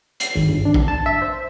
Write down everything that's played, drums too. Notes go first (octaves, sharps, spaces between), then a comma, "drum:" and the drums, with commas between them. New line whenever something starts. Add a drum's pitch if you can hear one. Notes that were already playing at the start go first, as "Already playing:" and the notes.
C7, drum: hi-hat
G#1
G1
D4
drum: kick A1
A5
E5
C5